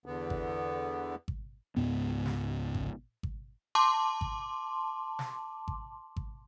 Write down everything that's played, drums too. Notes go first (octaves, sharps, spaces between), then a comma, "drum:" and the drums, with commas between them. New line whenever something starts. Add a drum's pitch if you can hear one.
E2 D3 B3
drum: kick G#1
drum: kick G#1
C#2 G#2 B3
drum: snare
drum: kick G#1
drum: kick G#1
A5 C6 D6
drum: kick G#1
drum: snare
drum: kick G#1
drum: kick G#1